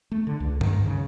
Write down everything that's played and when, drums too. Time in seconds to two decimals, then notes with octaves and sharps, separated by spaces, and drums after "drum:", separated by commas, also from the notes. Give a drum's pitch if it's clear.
0.12 A3
0.27 D3
0.40 C#2
0.61 D#3, drum: tom G2
0.73 G#2
0.86 C#3